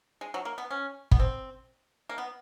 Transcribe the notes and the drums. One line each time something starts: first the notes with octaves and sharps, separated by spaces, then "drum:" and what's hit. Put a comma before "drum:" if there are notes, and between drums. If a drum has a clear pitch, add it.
G#3
F#3
A#3
B3
C#4
B3, drum: kick G1
C4
A#3
B3